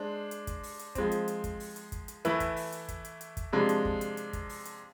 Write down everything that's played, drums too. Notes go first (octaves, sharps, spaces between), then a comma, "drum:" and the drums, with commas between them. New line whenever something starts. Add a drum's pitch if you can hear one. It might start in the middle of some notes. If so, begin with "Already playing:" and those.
Already playing: G#3 D4 C5
drum: hi-hat
drum: kick, hi-hat
drum: open hi-hat
drum: hi-hat
F3 G#3 C4, drum: kick, hi-hat
drum: hi-hat
drum: hi-hat
drum: kick, hi-hat
drum: open hi-hat
drum: hi-hat
drum: kick, hi-hat
drum: hi-hat
E3 A3 E4 B4, drum: hi-hat
drum: kick, hi-hat
drum: open hi-hat
drum: hi-hat
drum: kick, hi-hat
drum: hi-hat
drum: hi-hat
drum: kick, hi-hat
C3 F3 G#3 D4
drum: hi-hat
drum: kick
drum: hi-hat
drum: hi-hat
drum: kick, hi-hat
drum: open hi-hat
drum: hi-hat